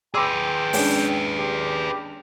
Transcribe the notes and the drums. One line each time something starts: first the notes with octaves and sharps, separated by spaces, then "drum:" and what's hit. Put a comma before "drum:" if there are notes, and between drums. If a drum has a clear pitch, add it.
G#4 B4 G5 C6 D6 E6
G#3 C#4 D4, drum: open hi-hat
G4